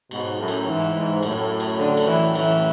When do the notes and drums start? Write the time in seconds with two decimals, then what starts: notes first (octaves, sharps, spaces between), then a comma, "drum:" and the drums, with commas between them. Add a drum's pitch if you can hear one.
0.11 G#2 B2, drum: cymbal
0.38 F#2 A2
0.48 drum: cymbal
0.66 G#2 E3
0.94 G#2
1.23 F#2 A2, drum: cymbal
1.60 drum: cymbal
1.79 D3
1.97 drum: cymbal
2.07 E3
2.35 E3, drum: cymbal